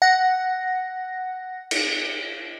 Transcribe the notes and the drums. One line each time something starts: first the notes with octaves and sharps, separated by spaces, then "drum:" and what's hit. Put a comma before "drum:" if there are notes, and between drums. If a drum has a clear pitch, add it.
F#5 A#6
drum: cymbal